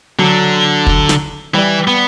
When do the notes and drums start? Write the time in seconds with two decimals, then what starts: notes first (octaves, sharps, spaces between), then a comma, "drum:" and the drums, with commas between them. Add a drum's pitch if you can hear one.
0.19 D3 F#3
0.87 drum: kick
1.09 drum: snare
1.54 E3 G3
1.88 B3